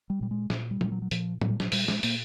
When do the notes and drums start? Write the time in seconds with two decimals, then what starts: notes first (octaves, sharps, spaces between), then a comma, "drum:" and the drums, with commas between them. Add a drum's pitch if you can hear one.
0.10 G3
0.21 A#2 G3
0.31 G#3
0.50 A#2, drum: snare
0.71 G3
0.81 A#2 G3, drum: tom
0.92 F#3
1.02 F#3
1.11 A#2 F3, drum: hi-hat
1.41 A#2 F#3, drum: tom
1.50 G3
1.60 F#3, drum: snare
1.72 A#2 G3, drum: open hi-hat
1.88 G#3, drum: snare
2.03 A#2 A#3, drum: open hi-hat